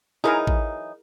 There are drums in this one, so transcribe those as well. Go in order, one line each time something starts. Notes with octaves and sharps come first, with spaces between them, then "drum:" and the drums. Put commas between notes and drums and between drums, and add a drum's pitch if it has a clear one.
E3 F#3 D#4 E4 G#4 A#4
drum: kick A1